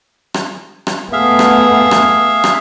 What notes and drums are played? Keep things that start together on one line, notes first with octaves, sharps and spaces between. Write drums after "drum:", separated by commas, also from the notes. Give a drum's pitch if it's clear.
drum: rim click
drum: rim click
A3 B3 G#4 E5 F5
drum: rim click
drum: rim click
drum: rim click